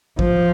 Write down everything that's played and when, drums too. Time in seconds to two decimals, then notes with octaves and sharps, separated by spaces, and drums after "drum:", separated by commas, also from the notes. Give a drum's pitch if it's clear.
0.19 F3, drum: kick A1